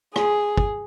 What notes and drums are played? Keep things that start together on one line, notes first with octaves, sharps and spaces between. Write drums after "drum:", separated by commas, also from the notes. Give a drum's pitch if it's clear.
G#4, drum: rim click
drum: kick